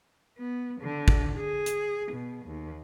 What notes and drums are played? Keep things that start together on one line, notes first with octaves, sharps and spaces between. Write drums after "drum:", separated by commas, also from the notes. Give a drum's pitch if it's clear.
B3
D3
drum: kick
G#4
drum: hi-hat
B2
D#2